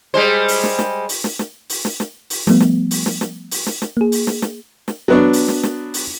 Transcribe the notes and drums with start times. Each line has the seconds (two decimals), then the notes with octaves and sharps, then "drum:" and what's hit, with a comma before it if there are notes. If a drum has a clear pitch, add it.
0.14 G3 G#3 C5
0.48 drum: open hi-hat
0.63 drum: snare
0.79 drum: snare
1.09 drum: open hi-hat
1.24 drum: snare
1.39 drum: snare
1.69 drum: open hi-hat
1.85 drum: snare
2.00 drum: snare
2.30 drum: open hi-hat
2.47 F3 G3 A3 B3, drum: snare
2.60 drum: snare
2.91 drum: open hi-hat
3.06 drum: snare
3.21 drum: snare
3.51 drum: open hi-hat
3.66 drum: snare
3.82 drum: snare
3.97 A#3 G#4
4.12 drum: open hi-hat
4.27 drum: snare
4.42 drum: snare
4.88 drum: snare
5.08 F#3 B3 D4
5.33 drum: open hi-hat
5.48 drum: snare
5.63 drum: snare
5.94 drum: open hi-hat